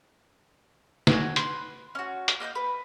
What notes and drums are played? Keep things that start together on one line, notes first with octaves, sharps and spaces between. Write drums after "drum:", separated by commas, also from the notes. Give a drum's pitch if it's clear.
F#4 G#5, drum: snare
B4 C6, drum: hi-hat
C#4 F#4
drum: hi-hat
A#3 D#5 G5 G6
B4